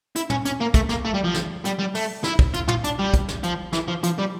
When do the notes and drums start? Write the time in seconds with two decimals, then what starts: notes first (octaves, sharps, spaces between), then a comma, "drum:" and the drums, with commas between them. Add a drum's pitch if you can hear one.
0.16 E4, drum: hi-hat
0.30 C#4, drum: tom
0.45 C#4, drum: hi-hat
0.60 A#3
0.74 A3, drum: kick, hi-hat
0.89 A#3, drum: snare
1.05 A3
1.14 G3
1.24 F3
1.34 drum: snare
1.65 G3, drum: hi-hat
1.79 G3
1.95 A3, drum: open hi-hat
2.24 E4, drum: snare
2.39 drum: kick
2.54 F4, drum: hi-hat
2.68 F4, drum: tom
2.84 D4, drum: hi-hat
2.99 G3
3.14 drum: kick, hi-hat
3.29 drum: snare
3.43 F3, drum: hi-hat
3.73 E3, drum: snare
3.88 F3
4.03 F3, drum: hi-hat
4.19 G3